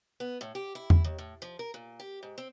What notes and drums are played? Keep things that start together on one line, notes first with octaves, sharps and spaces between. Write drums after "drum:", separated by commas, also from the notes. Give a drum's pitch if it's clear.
B3
A2
G4
E4
drum: tom E2
D#2
A2
F3
A#4
A#2
G4
G#2
C4